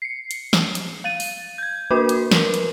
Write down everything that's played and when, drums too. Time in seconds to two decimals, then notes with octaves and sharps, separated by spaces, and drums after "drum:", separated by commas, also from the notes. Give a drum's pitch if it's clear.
0.02 C7 C#7
0.31 drum: hi-hat
0.53 drum: snare
0.75 drum: hi-hat
1.04 F5 A6 D#7
1.20 drum: open hi-hat
1.58 G6 G#6
1.91 A#3 D4 F#4 A#4 B4 D6
2.09 drum: hi-hat
2.31 A#4 B4, drum: snare
2.54 drum: hi-hat